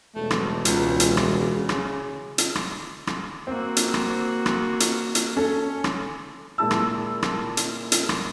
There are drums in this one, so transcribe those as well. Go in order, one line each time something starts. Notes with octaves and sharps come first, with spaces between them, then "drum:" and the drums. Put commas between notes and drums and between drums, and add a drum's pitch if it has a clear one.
E1 A3
drum: rim click
C#2, drum: hi-hat
drum: hi-hat
drum: rim click
C#3
drum: rim click
drum: hi-hat
drum: rim click
drum: rim click
A#3 C4 F#4
drum: hi-hat
drum: rim click
drum: rim click
drum: hi-hat
drum: hi-hat
C#4 A4
drum: rim click
A#2 G#3 E4 A5 E6
drum: rim click
drum: rim click
drum: hi-hat
drum: hi-hat
drum: rim click